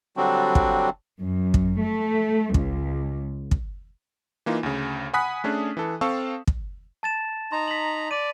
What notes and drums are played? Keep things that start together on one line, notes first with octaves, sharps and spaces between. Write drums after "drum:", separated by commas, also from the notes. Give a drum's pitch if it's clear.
D3 F#3 G3 C4 D4 F#4
drum: kick
F#2
drum: kick
A3
C#2, drum: kick
drum: kick
E3 A#3 D#4 F4
D2 C#3
F#5 G#5 B5 D#6 F#6 B6
A3 C#4 D4 G#4
E3 A4
C4 A4 F5 A5 C#6 E6
drum: kick
A5 A6 E7
D#4 A#5 C6
B6 F#7
D5 D#7